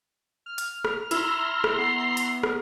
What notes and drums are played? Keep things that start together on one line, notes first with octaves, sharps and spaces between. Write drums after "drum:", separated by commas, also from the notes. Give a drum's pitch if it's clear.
F6
drum: hi-hat
drum: rim click
E4 A#5 C6, drum: hi-hat
drum: rim click
B3 C7
drum: hi-hat
drum: rim click